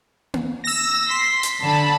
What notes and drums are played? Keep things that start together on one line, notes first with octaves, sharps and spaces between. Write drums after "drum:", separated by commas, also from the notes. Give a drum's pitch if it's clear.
drum: tom A#3
E6 A#6
C6 B6
drum: hi-hat
D3 A5 B5